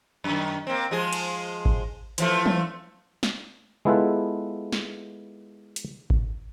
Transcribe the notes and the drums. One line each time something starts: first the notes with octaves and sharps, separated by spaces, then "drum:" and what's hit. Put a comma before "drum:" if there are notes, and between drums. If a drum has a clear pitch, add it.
F#2 D#3
A#3 C4
F3 G#3 G#4
drum: cymbal
drum: kick G#1
E3 F3 A3, drum: hi-hat
drum: tom E3
drum: snare
G#3 B3 E4 F4 A4 B4
drum: snare
drum: hi-hat
drum: kick G#1